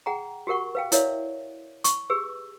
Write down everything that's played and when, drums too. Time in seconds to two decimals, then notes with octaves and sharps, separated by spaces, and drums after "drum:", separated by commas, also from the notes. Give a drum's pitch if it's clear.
0.06 G#4 F#5 G5 A#5
0.47 F#4 G4 A#4 F#5 C#6
0.75 B4 F5 G5
0.92 E4 A#4 C#5 D5 E5 F5, drum: hi-hat
1.84 C#6, drum: hi-hat
2.10 G4 G#4 B4 E6